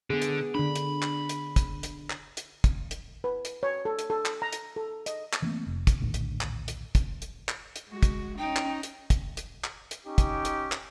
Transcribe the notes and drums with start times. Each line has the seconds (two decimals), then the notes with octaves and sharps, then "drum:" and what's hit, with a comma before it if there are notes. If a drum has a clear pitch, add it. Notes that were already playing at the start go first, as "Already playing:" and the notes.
0.10 D3 B3 G#4
0.22 drum: hi-hat
0.55 D3 D4 B5
0.76 drum: hi-hat
1.02 drum: clap
1.29 drum: hi-hat
1.56 drum: kick, hi-hat
1.83 drum: hi-hat
2.10 drum: clap
2.37 drum: hi-hat
2.64 drum: kick, hi-hat
2.91 drum: hi-hat
3.24 B4
3.45 drum: hi-hat
3.63 C#5
3.85 A4
3.99 drum: hi-hat
4.10 A4
4.26 drum: clap
4.42 A#5
4.52 drum: hi-hat
4.76 A4
5.06 D#5, drum: hi-hat
5.33 drum: clap
5.42 E3 A3 A#3 C4
5.66 F1
5.87 drum: kick, hi-hat
6.00 A#1 D#2 A2 D3
6.14 drum: hi-hat
6.41 drum: clap
6.68 drum: hi-hat
6.95 drum: kick, hi-hat
7.22 drum: hi-hat
7.49 drum: clap
7.76 drum: hi-hat
7.89 G#3 F#4
8.03 drum: kick, hi-hat
8.38 C#4 D#4 G5
8.56 drum: clap
8.83 drum: hi-hat
9.10 drum: kick, hi-hat
9.37 drum: hi-hat
9.64 drum: clap
9.91 drum: hi-hat
10.06 C#4 D#4 G4
10.18 drum: kick, hi-hat
10.45 drum: hi-hat
10.72 drum: clap